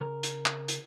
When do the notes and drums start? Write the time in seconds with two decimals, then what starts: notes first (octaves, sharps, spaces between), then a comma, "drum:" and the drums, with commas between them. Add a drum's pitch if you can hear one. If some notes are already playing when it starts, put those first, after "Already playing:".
0.01 C#3 A#4 A#5
0.23 drum: hi-hat
0.46 drum: clap
0.68 drum: hi-hat